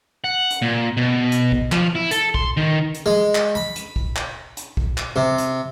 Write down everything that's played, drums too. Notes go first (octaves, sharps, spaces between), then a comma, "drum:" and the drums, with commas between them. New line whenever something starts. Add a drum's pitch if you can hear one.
F#5
drum: hi-hat
A#2
B2
drum: hi-hat
drum: kick
F3, drum: clap
E4
A4, drum: hi-hat
C6, drum: kick
D#3
drum: hi-hat
G#3
drum: clap
B5
drum: hi-hat
drum: kick
drum: clap
drum: hi-hat
drum: kick
drum: clap
C3
drum: hi-hat